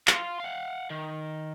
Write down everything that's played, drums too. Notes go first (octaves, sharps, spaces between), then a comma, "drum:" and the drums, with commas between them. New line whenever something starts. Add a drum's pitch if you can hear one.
F5 C6, drum: clap
F5 F#5
D#3